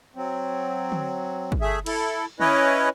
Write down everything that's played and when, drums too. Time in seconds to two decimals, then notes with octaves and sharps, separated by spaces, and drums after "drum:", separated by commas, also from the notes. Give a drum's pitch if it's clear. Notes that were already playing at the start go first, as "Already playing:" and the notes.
0.16 F#3 C4
0.92 drum: tom D3
1.52 drum: kick
1.61 A3 G#4 E5
1.86 E4 A4, drum: cymbal
2.40 C#4 E4 B4 C#5 D#5, drum: tom D3